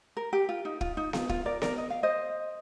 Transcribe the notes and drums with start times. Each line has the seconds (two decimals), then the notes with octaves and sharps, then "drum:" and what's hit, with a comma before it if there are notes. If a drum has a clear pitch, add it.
0.17 A#4
0.33 G4
0.49 F4
0.65 D#4
0.81 F4, drum: kick
0.97 D#4
1.13 F4, drum: snare B3
1.29 F4, drum: kick
1.45 A#4 D5
1.62 A#4 D5, drum: snare B3
1.78 D#5
1.90 F5
2.03 C5 D#5